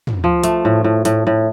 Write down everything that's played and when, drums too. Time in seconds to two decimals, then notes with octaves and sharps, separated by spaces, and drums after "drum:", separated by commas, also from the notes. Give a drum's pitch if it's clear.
0.07 drum: tom
0.24 F3
0.44 A3, drum: hi-hat
0.65 A2
0.84 A2
1.05 A2, drum: hi-hat
1.27 A2